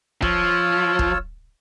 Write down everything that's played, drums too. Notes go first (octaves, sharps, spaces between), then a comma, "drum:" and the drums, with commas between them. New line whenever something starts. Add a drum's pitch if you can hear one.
F3 F4 C#5 E6, drum: kick
drum: kick